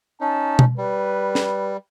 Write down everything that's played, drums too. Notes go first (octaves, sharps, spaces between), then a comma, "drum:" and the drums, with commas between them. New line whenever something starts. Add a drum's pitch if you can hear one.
C#4 D#4 A5
drum: tom B2
G3 B4
drum: snare